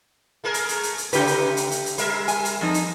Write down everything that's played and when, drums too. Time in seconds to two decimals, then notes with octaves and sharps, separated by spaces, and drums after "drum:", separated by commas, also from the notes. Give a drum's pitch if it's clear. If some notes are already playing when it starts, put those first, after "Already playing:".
0.44 A3 G#4 A#4
0.54 drum: hi-hat
0.69 drum: hi-hat
0.83 drum: hi-hat
0.98 drum: hi-hat
1.13 C#3 A3 D#4 G4 B4, drum: hi-hat
1.27 drum: hi-hat
1.57 drum: hi-hat
1.71 drum: hi-hat
1.86 drum: hi-hat
1.98 G3 A#4 E5, drum: hi-hat
2.28 G#5, drum: hi-hat
2.45 drum: hi-hat
2.61 F2 D#4
2.74 drum: hi-hat